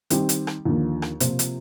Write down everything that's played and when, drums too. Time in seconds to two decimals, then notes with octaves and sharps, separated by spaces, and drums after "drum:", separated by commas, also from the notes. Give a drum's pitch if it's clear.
0.10 D#3 G3 C4 G4, drum: hi-hat
0.29 drum: hi-hat
0.47 drum: rim click
0.65 D#2 D3 F3 A#3
1.02 drum: rim click
1.20 C3 F3 A#3 F4 C5, drum: hi-hat
1.39 drum: hi-hat